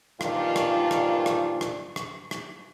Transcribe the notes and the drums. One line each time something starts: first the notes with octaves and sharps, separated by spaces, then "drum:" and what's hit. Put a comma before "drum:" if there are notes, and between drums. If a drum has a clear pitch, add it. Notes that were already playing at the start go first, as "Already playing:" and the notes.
G2 A#2 D#3 F3 D4 F4, drum: rim click
drum: rim click
drum: rim click
drum: rim click
drum: rim click
drum: rim click
drum: rim click